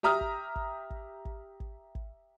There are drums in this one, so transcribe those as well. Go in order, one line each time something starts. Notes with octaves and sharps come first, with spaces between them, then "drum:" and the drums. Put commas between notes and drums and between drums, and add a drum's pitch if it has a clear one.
G4 E5 A#5 D#6 F6
drum: kick
drum: kick
drum: kick
drum: kick
drum: kick
drum: kick